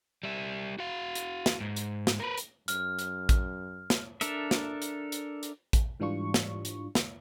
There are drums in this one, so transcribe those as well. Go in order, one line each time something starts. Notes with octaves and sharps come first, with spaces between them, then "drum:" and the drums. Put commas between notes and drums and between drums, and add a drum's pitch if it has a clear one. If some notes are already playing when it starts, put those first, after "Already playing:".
G3 E5
F#4 F5
drum: hi-hat
drum: snare
G#2
drum: hi-hat
drum: snare
A#4 B4
drum: hi-hat
F#2 F6, drum: hi-hat
drum: hi-hat
drum: kick A1, hi-hat
drum: snare
D4 A4 A#4 E5, drum: hi-hat
drum: snare
drum: hi-hat
drum: hi-hat
drum: hi-hat
drum: kick A1, hi-hat
G#2 E3 G3 D4 F4 C#6
drum: snare
drum: hi-hat
drum: snare